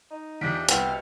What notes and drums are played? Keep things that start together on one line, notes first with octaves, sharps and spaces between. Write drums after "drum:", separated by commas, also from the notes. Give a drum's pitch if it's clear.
D#4
E2 F3 D4 G4 B6 D7
C2 B2 B3 C4 C6 F6, drum: hi-hat